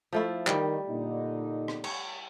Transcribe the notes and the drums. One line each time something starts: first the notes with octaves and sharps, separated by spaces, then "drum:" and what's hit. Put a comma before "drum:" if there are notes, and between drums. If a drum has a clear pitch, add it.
F3 A3 E4
D#3 G3, drum: clap
A#2 D3 D#4
drum: rim click
C#5, drum: cymbal